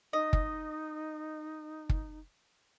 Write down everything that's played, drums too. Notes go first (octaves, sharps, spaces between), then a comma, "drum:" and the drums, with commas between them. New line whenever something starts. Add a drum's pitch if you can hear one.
D#4 D#5
drum: kick
drum: kick